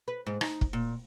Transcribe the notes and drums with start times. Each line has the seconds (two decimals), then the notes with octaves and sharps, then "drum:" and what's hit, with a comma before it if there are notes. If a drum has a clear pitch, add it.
0.08 B4
0.26 G#2
0.41 D#4, drum: rim click
0.61 drum: kick
0.73 A#2